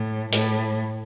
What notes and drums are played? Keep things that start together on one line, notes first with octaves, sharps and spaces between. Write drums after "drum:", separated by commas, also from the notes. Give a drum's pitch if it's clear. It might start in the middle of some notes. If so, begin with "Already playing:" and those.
Already playing: A2
A2, drum: hi-hat